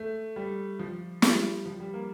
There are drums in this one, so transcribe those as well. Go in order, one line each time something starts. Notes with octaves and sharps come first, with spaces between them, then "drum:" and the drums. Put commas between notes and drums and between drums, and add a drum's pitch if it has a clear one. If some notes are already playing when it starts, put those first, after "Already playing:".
Already playing: A3
G3
F3
G3, drum: snare
F3
G3
A#3